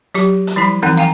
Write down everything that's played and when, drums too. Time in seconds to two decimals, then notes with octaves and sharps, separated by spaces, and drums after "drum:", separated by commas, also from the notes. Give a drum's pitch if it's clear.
0.14 F#3 G4, drum: hi-hat
0.47 drum: hi-hat
0.56 F3 G3 E4 B5
0.83 E3 F3 C4 D#4 F#5
0.98 F5 G5 G#5 A#5